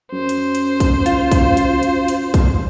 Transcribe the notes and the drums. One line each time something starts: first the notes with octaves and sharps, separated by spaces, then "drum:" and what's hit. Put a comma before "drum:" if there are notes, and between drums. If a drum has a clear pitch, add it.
F#2 C5
drum: hi-hat
drum: hi-hat
drum: kick, hi-hat
F4, drum: hi-hat
drum: kick, hi-hat
drum: hi-hat
drum: hi-hat
drum: hi-hat
drum: kick, hi-hat